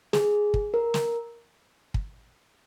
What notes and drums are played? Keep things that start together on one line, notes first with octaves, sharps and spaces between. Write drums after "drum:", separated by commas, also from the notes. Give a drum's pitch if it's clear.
G#4, drum: snare
drum: kick
A#4
drum: snare
drum: kick